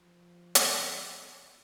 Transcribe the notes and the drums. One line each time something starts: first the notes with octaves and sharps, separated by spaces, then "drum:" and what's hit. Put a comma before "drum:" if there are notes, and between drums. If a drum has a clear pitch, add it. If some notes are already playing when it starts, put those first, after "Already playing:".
Already playing: F3
drum: hi-hat